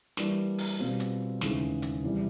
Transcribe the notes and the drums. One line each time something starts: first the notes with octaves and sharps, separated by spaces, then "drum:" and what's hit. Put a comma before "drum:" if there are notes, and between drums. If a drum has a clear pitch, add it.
E3 G3 A#3 D4, drum: snare
drum: open hi-hat
B2 G3 C4 F4
drum: hi-hat
D#2 C#3 E3 G#3, drum: snare
drum: hi-hat
E2 C3 E3 G3